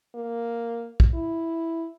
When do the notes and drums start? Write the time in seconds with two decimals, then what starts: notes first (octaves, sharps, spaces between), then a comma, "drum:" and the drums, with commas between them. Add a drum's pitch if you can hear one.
0.15 A#3
1.00 drum: kick
1.14 E4